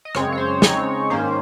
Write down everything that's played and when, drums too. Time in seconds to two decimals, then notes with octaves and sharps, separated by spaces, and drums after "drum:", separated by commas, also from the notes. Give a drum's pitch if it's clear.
0.05 D#5
0.15 F#2 C#3 G#3 C4 C#5, drum: rim click
0.33 C#5
0.38 C5
0.62 C#3 G#3 C4 D#4 C#5, drum: snare
1.10 G#2 D#3 A#3 C#4 C5